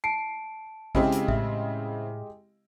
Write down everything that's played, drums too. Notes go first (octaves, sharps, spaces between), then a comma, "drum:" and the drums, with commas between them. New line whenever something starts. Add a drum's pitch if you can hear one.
A5 C7 D7
C#3 G#3 C4 E4 G4 D#5, drum: kick A1
drum: hi-hat
A2 E5, drum: kick A1